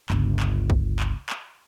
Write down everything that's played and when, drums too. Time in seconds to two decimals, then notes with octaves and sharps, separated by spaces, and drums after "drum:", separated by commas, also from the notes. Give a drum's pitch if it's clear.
0.10 G1 C#2, drum: clap
0.40 drum: clap
0.70 drum: kick
1.00 drum: clap
1.30 drum: clap